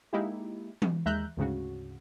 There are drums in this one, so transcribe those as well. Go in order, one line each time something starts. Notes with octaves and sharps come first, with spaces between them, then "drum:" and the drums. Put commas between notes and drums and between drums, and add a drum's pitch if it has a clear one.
G#3 A#3 D#4 E4 G4
drum: tom E3
D#2 G#3 E5 A#5 F#6 G6
D2 G#2 C#3 F#4